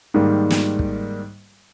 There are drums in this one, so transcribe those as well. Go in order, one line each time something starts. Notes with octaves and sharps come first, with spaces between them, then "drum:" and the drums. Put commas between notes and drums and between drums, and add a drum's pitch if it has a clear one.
G#2 D#3 G3 A#3
drum: snare
drum: kick